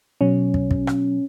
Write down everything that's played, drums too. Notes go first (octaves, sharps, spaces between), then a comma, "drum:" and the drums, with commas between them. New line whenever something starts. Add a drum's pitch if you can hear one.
B2 F#3 C#4
drum: kick
drum: kick
drum: rim click